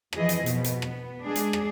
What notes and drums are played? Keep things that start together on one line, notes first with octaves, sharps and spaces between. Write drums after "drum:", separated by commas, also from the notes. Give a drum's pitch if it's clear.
F2 E3 F3 G#4 D#5, drum: rim click
drum: hi-hat
B2 F3, drum: hi-hat
drum: hi-hat
B3, drum: rim click
G#3 D4 G#4
drum: hi-hat
drum: rim click